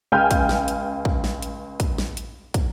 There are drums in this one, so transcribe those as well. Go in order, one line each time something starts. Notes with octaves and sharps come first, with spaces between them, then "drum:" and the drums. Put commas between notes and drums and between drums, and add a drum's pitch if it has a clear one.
C#2 G5 G#5 F6 G6
drum: kick, hi-hat
drum: snare
drum: hi-hat
drum: kick
drum: snare
drum: hi-hat
drum: kick, hi-hat
drum: snare
drum: hi-hat
drum: kick, hi-hat